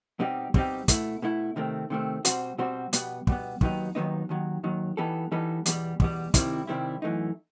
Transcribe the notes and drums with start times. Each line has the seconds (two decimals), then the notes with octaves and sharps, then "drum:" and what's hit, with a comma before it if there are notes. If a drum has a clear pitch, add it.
0.20 B2 G3 C4 D#4 G4
0.54 B2 G3 C4 D#4 G4, drum: kick
0.88 B2 A3 E4, drum: kick, hi-hat
1.22 B2 A3 E4
1.56 C3 D#3 A3 C4
1.90 C3 D#3 A3 C4
2.25 B2 G3 C4 F#4 C5, drum: hi-hat
2.58 B2 G3 C4 F#4 C5
2.93 B2 G3 B3, drum: hi-hat
3.27 B2 G3 B3, drum: kick
3.61 D#2 D#3 F#3 B3 D#4, drum: kick
3.95 D#2 D#3 F#3 B3 D#4
4.29 D#2 D#3 F#3
4.64 D#2 D#3 F#3
4.97 E3 G3 B3 D#4 A4
5.32 E3 G3 B3 D#4 A4
5.66 E2 B2 G3, drum: hi-hat
6.00 E2 B2 G3, drum: kick
6.34 C3 D#3 G3 C4 E4, drum: kick, hi-hat
6.67 C3 D#3 G3 C4 E4
7.02 F#2 E3 A3 D#4